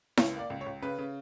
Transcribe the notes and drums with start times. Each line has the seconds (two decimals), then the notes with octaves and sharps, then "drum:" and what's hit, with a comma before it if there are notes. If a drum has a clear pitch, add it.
0.17 C#2 C#5, drum: snare E4
0.34 A#3
0.39 D5
0.50 C#2
0.61 C#5
0.66 C#2
0.82 C#3 B4
0.98 C#3